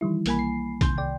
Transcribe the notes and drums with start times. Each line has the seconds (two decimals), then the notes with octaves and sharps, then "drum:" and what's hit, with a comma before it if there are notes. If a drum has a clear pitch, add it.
0.01 D#3 E3 G3 E4
0.26 B1 A#3 G#5 B5, drum: hi-hat
0.39 C7
0.81 C3 D#3 C6 G6, drum: kick B1, hi-hat
0.98 C2 D5 G5